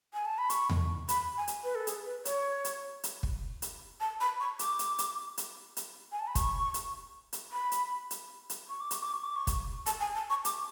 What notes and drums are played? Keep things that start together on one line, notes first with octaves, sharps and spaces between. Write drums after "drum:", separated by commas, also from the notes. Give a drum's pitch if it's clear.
G#5
A5
B5
C#6, drum: hi-hat
drum: tom E2
B5, drum: hi-hat
G#5
drum: hi-hat
B4
A4
G#4, drum: hi-hat
B4
C#5, drum: hi-hat
drum: hi-hat
drum: hi-hat
drum: kick
drum: hi-hat
A5
B5
C#6
D6, drum: hi-hat
drum: hi-hat
drum: hi-hat
drum: hi-hat
drum: hi-hat
G#5
A5
B5
C#6, drum: kick, hi-hat
drum: hi-hat
drum: hi-hat
B5
drum: hi-hat
drum: hi-hat
drum: hi-hat
C#6
D6
C#6, drum: hi-hat
D6
C#6
D6
C#6
drum: kick, hi-hat
A5, drum: hi-hat
G#5
A5
C#6
D6, drum: hi-hat